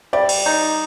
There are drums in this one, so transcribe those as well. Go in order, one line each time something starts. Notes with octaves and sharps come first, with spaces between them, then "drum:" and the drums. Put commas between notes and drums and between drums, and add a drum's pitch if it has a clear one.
G3 D5
drum: cymbal
D#4